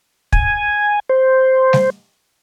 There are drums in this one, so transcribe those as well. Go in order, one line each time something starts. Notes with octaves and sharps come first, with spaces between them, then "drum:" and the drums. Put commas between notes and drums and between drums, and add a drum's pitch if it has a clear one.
G#5, drum: kick
C5
drum: snare G3